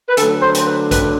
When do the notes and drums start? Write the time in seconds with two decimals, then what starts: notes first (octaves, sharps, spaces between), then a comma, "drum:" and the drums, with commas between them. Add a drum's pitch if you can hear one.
0.09 B4
0.17 D3 F#3 A3 A4, drum: hi-hat
0.42 C5
0.54 drum: hi-hat
0.67 B4
0.91 B4, drum: kick, hi-hat